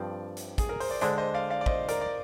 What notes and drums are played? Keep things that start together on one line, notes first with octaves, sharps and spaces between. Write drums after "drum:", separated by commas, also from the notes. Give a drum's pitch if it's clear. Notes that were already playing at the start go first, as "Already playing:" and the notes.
Already playing: G2 F3 C4 D5
drum: hi-hat
G#4, drum: kick, hi-hat
A#4
C5, drum: open hi-hat
D5
D3 G#3 D4 C5 D#5, drum: hi-hat
C5 D#5
D5 F5
D5 F5
D5
C5 D#5, drum: kick
A#4 D5, drum: hi-hat
D5